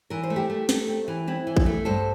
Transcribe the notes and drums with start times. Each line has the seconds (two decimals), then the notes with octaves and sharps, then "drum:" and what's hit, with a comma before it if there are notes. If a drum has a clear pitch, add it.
0.10 E3 A#4
0.23 C5
0.30 A3
0.36 G4 A#4
0.50 A3
0.69 A3, drum: snare
0.88 C4
1.08 E3
1.27 C4 E4
1.47 E3
1.57 drum: kick A1
1.66 A3
1.85 G2 A4 C5